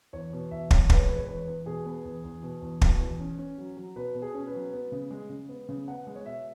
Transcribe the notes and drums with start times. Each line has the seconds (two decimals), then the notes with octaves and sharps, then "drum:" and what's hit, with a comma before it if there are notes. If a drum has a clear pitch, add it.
0.13 E2 C#5
0.33 B2
0.51 E2 E5
0.71 E2 C#5, drum: kick
0.90 G#3 B4, drum: kick
0.99 C#5
1.08 G#3 B4
1.17 C#5
1.25 E2 B4
1.47 E2
1.66 B2 G#4
1.86 B3
2.05 E2
2.24 E2
2.43 B2
2.62 E2
2.81 B2, drum: kick
3.01 E2
3.20 C#4
3.39 C#4
3.58 F#3
3.77 F#3
3.96 B2 B4
4.15 B2
4.22 G#4
4.34 C#4
4.47 B4
4.54 F#3
4.73 B3
4.92 C#3
5.11 G#3
5.29 C#3
5.49 B3
5.69 C#3
5.87 B3 F#5
6.07 G#3
6.16 C#5
6.26 B2 E5